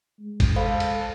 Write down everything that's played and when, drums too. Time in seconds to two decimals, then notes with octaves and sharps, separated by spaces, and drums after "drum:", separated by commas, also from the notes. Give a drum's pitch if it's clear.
0.20 G#3
0.40 drum: kick, cymbal
0.56 A4 C5 F5 B5
0.80 drum: cymbal